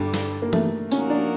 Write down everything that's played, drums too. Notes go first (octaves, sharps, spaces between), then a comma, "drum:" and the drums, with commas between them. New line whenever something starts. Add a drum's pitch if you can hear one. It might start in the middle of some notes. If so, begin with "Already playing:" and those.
Already playing: G2 D3 G3 D4
drum: snare
A#3
A3, drum: tom E3
F3 A#3 C#4 D#4 F#4 A#4, drum: tambourine
D4